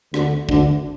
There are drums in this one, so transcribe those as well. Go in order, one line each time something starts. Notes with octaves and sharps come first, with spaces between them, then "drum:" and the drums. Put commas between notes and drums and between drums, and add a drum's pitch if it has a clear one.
D2 D3, drum: rim click
D2 D3, drum: kick